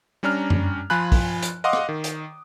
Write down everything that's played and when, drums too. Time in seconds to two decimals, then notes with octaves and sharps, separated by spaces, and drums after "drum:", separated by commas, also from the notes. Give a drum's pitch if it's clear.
0.23 G3 C#4 D4 A#5 F6
0.50 drum: tom F#2
0.90 F3 F4 G#5 B5 F#6
1.12 drum: kick, open hi-hat
1.42 drum: hi-hat
1.64 D#5 F5 F#5 C6 D6 D#6
1.73 drum: rim click
1.89 D#3
2.04 drum: hi-hat